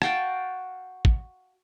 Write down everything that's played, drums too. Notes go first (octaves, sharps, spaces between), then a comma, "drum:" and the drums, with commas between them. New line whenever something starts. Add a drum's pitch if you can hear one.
F#4 F5 G5 A5, drum: rim click
drum: kick